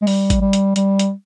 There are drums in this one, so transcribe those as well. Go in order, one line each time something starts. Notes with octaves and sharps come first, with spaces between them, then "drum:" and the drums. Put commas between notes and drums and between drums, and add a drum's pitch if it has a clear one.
G#3
G3, drum: open hi-hat
drum: kick G#1, hi-hat
G3
drum: hi-hat
G3, drum: hi-hat
drum: hi-hat